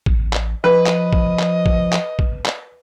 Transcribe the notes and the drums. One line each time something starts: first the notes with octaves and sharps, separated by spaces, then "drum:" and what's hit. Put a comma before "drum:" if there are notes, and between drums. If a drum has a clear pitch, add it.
A1, drum: kick
drum: clap
F3 B4 D#5
drum: clap
drum: kick
drum: clap
drum: kick
drum: clap
drum: kick
drum: clap